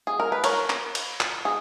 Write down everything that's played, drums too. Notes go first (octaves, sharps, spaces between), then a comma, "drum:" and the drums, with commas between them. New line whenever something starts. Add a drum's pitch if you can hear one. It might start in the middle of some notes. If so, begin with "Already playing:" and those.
G#4
A#4
B4
A#4 C#5, drum: cymbal
drum: clap
drum: cymbal
drum: clap
G#4